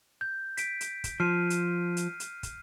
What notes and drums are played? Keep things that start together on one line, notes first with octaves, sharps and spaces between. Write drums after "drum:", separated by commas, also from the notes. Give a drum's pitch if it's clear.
G6
B6 D7, drum: hi-hat
drum: hi-hat
drum: kick, hi-hat
F3 F6 C7 D#7
drum: hi-hat
drum: hi-hat
drum: hi-hat
drum: kick, hi-hat